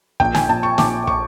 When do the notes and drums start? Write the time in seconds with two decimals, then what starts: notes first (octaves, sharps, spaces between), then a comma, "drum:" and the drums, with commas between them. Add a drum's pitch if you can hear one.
0.20 A#1 G5, drum: kick
0.35 G#5, drum: snare
0.49 A#1 A5
0.63 C#6
0.78 A#1 D6, drum: snare
1.07 C#6, drum: kick